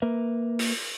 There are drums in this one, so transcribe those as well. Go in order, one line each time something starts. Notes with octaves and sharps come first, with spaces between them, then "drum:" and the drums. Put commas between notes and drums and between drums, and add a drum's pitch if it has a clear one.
A#3 A#4 B4 E5
drum: open hi-hat